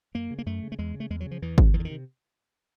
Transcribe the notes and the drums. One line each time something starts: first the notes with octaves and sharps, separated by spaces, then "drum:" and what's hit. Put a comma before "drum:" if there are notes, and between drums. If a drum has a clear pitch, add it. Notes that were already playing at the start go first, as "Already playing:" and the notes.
F#2 A#3
C#3
A#3
F#2 A3
C#3
A3
E2 G#3
C#3
A3
E2 G#3
F#3
C#3
F3
E2 E3
C3, drum: kick G#1
E2 E3
D3
D#3
C3